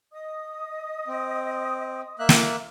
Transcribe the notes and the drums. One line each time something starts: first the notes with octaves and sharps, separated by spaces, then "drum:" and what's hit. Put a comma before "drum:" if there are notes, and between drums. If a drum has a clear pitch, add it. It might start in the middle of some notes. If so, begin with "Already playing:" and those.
D#5 D#6
C4
A#3 E5 F#6
drum: snare